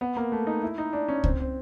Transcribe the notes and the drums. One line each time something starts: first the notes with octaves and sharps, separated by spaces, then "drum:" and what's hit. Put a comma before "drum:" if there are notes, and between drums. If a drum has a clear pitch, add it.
B3
A#3
A3
D#4
E4
D#4
D4
C#4
C4, drum: kick C#2
C4